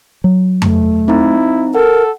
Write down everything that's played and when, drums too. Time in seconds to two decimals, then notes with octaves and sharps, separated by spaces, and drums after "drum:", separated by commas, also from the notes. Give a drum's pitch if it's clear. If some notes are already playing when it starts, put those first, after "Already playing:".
0.24 F#3
0.62 A3, drum: tom F2
1.08 C4 D#4 E4 A#5
1.75 A4 A#4 F#5